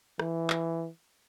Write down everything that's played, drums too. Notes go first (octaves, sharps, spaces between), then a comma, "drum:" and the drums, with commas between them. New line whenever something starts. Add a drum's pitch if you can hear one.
E3, drum: rim click
drum: clap